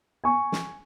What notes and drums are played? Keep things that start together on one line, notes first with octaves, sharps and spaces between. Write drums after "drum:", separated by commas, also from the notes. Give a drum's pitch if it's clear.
G#5 C#6
drum: snare